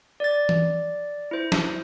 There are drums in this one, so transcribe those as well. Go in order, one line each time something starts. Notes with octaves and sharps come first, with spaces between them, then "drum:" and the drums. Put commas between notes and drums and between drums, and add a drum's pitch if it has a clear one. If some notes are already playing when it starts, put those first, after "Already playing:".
D5 A6
drum: tom E3
E4 C5
drum: snare